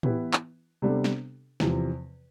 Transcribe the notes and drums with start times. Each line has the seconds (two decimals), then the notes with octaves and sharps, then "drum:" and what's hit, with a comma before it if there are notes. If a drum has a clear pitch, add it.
0.03 E3 B3 E4 G4 B4, drum: tom A2
0.33 drum: clap
0.82 C3 G3 B3 D4 A4
1.04 drum: snare
1.60 E2 C3 F3, drum: snare